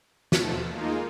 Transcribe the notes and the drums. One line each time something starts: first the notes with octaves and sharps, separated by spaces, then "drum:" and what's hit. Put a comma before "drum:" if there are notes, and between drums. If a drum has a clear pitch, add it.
D#2 B2 F3 A3 A5, drum: snare
G#3 A#3 D#4 F4